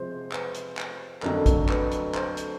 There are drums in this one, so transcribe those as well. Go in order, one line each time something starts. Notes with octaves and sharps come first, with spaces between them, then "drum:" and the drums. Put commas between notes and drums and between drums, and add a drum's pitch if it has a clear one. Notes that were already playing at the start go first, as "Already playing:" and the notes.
Already playing: C3 F3 G#3 C5
B4, drum: clap
drum: hi-hat
drum: clap
F2 D3 F#3 A3 A#4, drum: clap
drum: kick, hi-hat
B4, drum: clap
drum: hi-hat
C5, drum: clap
drum: hi-hat